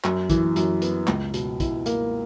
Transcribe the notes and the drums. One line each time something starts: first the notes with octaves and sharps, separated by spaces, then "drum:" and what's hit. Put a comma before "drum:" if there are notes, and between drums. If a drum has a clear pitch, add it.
F#2, drum: clap
E3, drum: kick, hi-hat
F#2, drum: hi-hat
B3, drum: hi-hat
C#2, drum: clap
B2, drum: hi-hat
E4, drum: kick, hi-hat
A#3, drum: hi-hat